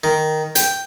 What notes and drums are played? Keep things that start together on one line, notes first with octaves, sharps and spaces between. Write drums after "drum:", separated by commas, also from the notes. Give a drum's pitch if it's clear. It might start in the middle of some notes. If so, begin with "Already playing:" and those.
D#3
G5, drum: hi-hat